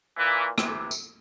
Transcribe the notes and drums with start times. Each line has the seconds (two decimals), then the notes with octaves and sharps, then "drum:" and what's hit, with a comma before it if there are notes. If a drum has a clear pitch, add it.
0.17 A#2 E3
0.58 C3 E3, drum: rim click
0.91 drum: tambourine